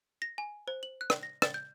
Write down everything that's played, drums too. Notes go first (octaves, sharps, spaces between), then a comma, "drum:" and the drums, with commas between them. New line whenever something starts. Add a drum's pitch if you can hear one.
A#6
G#5
C5
F#7
F#6
drum: rim click
A#6
A6, drum: rim click
G6